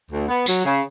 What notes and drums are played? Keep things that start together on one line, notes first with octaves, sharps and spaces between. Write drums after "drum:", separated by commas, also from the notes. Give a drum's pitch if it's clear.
D2
B3
F#3, drum: tambourine
C#3